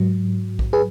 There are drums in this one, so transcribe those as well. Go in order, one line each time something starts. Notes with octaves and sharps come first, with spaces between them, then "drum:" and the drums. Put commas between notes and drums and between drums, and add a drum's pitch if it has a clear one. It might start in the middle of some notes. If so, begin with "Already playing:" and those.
Already playing: G#2 F#3
drum: kick A#1
G#4 B4